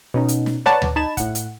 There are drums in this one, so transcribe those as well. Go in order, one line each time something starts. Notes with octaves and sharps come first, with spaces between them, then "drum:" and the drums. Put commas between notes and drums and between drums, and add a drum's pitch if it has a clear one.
B2 C#4 D#4
drum: hi-hat
drum: snare
B4 C#5 D5 F#5 A5 A#5, drum: snare
drum: tom D2
D#4 A5 B5 G#6 E7
A2 F#5, drum: kick, hi-hat
drum: hi-hat